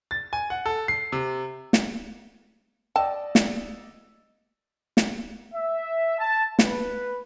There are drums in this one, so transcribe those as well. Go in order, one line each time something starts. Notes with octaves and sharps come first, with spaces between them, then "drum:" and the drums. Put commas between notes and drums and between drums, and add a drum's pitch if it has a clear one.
A6
G#5
F#5
A4
C7
C3
drum: snare
D5 D#5 G5 A5 E6
drum: snare
drum: snare
E5
A5
B4, drum: snare